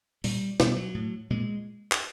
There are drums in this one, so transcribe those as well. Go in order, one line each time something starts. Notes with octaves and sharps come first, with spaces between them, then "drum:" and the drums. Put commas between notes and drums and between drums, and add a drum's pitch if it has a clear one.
A#2 G3, drum: open hi-hat
B2 G3, drum: snare
F#3
A2
A#2 G#3
drum: clap